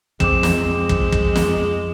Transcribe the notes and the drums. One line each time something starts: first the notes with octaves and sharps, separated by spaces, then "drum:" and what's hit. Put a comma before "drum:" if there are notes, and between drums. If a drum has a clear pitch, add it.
F2 G#3 C4 D6 E7, drum: kick
drum: snare
drum: kick
drum: kick
drum: snare